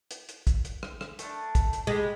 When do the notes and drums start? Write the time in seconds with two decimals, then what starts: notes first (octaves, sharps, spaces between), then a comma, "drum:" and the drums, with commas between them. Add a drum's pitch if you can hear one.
0.11 drum: hi-hat
0.29 drum: hi-hat
0.47 drum: kick, hi-hat
0.65 drum: hi-hat
0.83 drum: rim click
1.01 drum: rim click
1.19 A3 D4, drum: hi-hat
1.55 drum: kick, hi-hat
1.73 drum: hi-hat
1.87 G#3 G4 B5